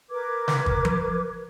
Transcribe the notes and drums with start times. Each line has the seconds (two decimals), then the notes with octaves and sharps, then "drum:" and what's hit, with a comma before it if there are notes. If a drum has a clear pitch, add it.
0.10 A#4 B4 D6 G#6
0.48 drum: snare
0.66 drum: kick
0.85 drum: tom F3